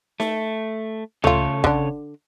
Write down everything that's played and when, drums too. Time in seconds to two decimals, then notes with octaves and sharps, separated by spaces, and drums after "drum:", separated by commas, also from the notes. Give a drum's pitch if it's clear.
0.20 A3, drum: snare D#4
1.24 C#3 A3 F4 A4 C#5, drum: tom C#2
1.64 D3 D4, drum: kick